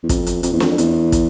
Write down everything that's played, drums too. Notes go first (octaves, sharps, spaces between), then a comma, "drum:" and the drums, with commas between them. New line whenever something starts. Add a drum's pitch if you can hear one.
E2
F2, drum: kick, hi-hat
drum: hi-hat
F2, drum: hi-hat
E2
F2, drum: snare
E2, drum: hi-hat
drum: kick, hi-hat